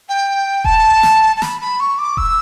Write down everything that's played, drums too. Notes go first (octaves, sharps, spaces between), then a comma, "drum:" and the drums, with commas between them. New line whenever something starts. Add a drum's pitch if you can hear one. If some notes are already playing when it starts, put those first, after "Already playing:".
G5
A5, drum: kick D#1
drum: snare
A5
B5, drum: snare
B5
C#6
D6
E6, drum: kick D#1